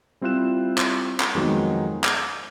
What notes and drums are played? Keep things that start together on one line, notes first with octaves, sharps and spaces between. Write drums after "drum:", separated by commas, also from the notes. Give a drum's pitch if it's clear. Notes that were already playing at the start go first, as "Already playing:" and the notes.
G3 C4 E4 F4 F#6 E7
drum: clap
drum: clap
F2 D#3 F#3 G#3 B3 D#4
G6, drum: clap